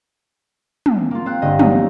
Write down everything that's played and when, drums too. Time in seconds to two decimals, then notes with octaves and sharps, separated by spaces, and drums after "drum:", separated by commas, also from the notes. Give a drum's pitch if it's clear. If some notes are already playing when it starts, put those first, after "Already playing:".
0.86 drum: tom
1.11 A#3 F4
1.26 C4 F5 F#6
1.42 G1 D#5
1.59 F#3 D#4, drum: tom